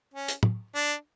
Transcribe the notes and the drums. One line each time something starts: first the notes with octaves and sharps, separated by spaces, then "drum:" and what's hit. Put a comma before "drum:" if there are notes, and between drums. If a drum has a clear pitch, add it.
C#4
drum: hi-hat
drum: tom
D4